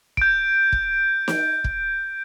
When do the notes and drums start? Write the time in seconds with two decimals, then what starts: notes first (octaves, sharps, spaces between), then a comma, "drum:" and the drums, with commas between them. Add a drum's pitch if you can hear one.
0.17 G6 D7, drum: kick
0.72 drum: kick
1.28 drum: snare
1.64 drum: kick